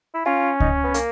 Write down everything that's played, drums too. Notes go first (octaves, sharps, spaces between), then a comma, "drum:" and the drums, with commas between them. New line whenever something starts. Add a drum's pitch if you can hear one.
E4
C#4 F4
D#4, drum: kick C#2
B3
A#3, drum: hi-hat